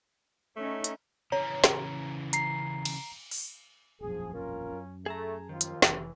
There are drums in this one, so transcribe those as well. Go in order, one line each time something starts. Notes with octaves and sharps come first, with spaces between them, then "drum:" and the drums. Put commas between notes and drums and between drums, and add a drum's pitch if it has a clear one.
A3 C#4 D#4
drum: hi-hat
C#3 E3 C#5 A#5
drum: snare
A#5 C7, drum: hi-hat
drum: cymbal
drum: open hi-hat
E1 A#1 F#2 F3 G#4
C#4 F4 A#4
F#2
A3 G#4 A4 A5 A#5
D#2 D#3 F3 F4
drum: hi-hat
F1 E3, drum: snare